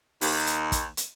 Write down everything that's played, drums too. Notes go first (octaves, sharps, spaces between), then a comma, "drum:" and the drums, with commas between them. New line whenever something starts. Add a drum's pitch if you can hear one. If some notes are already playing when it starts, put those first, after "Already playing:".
D#2, drum: open hi-hat
drum: hi-hat
drum: kick, hi-hat
drum: hi-hat